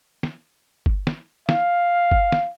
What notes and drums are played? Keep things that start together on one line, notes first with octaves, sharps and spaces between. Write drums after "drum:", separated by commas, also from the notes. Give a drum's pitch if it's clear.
drum: snare
drum: kick G1
drum: snare
F5, drum: snare
drum: kick G1
drum: snare